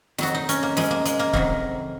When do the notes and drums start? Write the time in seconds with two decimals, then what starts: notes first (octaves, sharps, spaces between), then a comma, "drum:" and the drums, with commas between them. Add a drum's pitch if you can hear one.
0.18 F2 D#3 F#3 F#4, drum: snare
0.34 D#4
0.49 C#4, drum: hi-hat
0.63 A#3
0.77 F#2 F3 G#3, drum: snare
0.91 A#3
1.05 G#3, drum: hi-hat
1.19 A#3
1.33 F2 C3 D#3 F#3 A#3, drum: kick